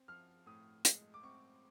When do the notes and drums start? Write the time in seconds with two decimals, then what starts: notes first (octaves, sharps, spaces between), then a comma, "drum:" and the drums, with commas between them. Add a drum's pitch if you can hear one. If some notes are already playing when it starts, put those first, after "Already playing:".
Already playing: C4
0.08 F3 F6
0.46 A2 D#6
0.85 G#3, drum: hi-hat
1.14 D6
1.23 C4 C#6